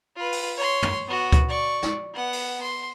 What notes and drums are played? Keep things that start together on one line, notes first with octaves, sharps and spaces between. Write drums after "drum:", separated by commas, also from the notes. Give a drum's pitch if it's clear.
F4 B4
drum: open hi-hat
C#5 C6
drum: tom
B3 F#4
drum: kick C#2, hi-hat
D5 C#6
drum: snare
B3 F#5
drum: open hi-hat
C6